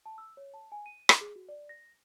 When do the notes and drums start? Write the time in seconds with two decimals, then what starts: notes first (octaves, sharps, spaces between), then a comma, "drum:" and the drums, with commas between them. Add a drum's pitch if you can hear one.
0.06 A5
0.18 E6
0.37 C#5
0.54 A5
0.72 G#5
0.86 D#7
1.09 drum: rim click
1.21 G#4
1.36 F#4
1.49 D5
1.69 A#6